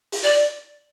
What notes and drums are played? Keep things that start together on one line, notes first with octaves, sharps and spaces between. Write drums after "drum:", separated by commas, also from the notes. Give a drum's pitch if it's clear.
drum: open hi-hat
D5